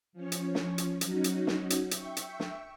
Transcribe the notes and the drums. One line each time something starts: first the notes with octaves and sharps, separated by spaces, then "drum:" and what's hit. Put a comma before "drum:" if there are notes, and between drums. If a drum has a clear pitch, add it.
F3 C#4 C#5
drum: hi-hat
drum: snare
drum: hi-hat
F#3 C#4 D#4 F#4, drum: hi-hat
drum: hi-hat
drum: snare
drum: hi-hat
E5 G5 C#6, drum: hi-hat
drum: hi-hat
drum: snare